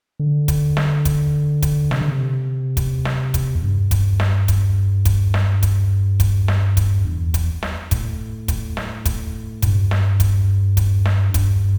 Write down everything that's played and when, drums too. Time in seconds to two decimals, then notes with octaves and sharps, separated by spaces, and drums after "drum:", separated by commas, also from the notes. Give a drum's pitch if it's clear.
0.20 D3
0.48 drum: kick, hi-hat
0.77 drum: snare
1.05 drum: kick, hi-hat
1.62 drum: kick, hi-hat
1.91 C3, drum: snare
2.01 D3
2.12 C3
2.77 drum: kick, hi-hat
3.05 drum: snare
3.34 drum: kick, hi-hat
3.55 E2
3.63 G2
3.91 drum: kick, hi-hat
4.20 drum: snare
4.48 drum: kick, hi-hat
5.05 drum: kick, hi-hat
5.34 drum: snare
5.63 drum: kick, hi-hat
6.20 drum: kick, hi-hat
6.48 drum: snare
6.77 drum: kick, hi-hat
7.05 E2
7.34 drum: kick, hi-hat
7.63 drum: snare
7.91 A2, drum: kick, hi-hat
8.48 drum: kick, hi-hat
8.77 drum: snare
9.05 drum: kick, hi-hat
9.62 G2, drum: kick, hi-hat
9.91 drum: snare
10.20 drum: kick, hi-hat
10.77 drum: kick, hi-hat
11.06 drum: snare
11.34 G2, drum: kick, hi-hat